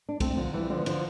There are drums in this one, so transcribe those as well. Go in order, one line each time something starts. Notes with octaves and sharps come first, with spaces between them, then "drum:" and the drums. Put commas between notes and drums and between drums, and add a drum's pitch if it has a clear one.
D4
A3 C4, drum: kick, cymbal
D3 F3
E3 G3
D3 F3
D3 F3, drum: cymbal